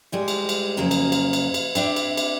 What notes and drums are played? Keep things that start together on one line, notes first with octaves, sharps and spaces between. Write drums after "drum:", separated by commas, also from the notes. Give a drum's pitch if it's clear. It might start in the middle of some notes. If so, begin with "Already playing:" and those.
A2 G3 G#3
drum: cymbal
drum: cymbal
F2 C#3 F#3 A#3 F#4 A#5
drum: cymbal
drum: cymbal
drum: cymbal
drum: cymbal
C4 D4 E5, drum: cymbal
drum: cymbal
drum: cymbal